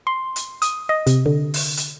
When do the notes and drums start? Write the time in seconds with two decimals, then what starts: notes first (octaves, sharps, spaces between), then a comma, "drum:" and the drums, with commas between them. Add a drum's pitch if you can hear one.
0.07 C6
0.36 drum: hi-hat
0.62 D#6, drum: hi-hat
0.89 D#5
1.07 C3, drum: hi-hat
1.26 D3
1.54 drum: open hi-hat
1.77 drum: hi-hat